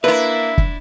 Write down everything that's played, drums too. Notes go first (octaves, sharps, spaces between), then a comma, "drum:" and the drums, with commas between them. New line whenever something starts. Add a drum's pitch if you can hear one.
A#3 D4 E4 B4 E5
drum: kick